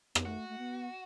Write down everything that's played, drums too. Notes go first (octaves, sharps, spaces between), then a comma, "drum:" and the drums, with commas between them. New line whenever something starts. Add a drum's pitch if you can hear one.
B3, drum: rim click
A3 F#4
A3
B3